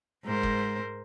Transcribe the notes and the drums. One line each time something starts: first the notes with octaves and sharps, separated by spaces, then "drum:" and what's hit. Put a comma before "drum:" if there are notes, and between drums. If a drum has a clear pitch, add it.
G#2 A#4 C5
drum: kick F#1